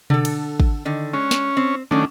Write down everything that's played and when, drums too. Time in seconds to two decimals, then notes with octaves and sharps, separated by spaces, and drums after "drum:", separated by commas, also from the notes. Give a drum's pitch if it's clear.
0.10 D3 A4, drum: tom B2
0.25 drum: cymbal
0.60 drum: kick G#1
0.85 D3 D#3
1.14 G#3 C#4
1.31 drum: snare
1.57 C4
1.91 D#3 F#3 A3 C#4 D4